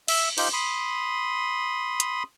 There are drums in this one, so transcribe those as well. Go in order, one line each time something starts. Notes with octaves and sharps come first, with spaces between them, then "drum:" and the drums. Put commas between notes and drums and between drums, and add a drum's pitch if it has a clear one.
E5, drum: cymbal
D#4 F4 G4 C5, drum: cymbal
B5 C6 D#6
drum: hi-hat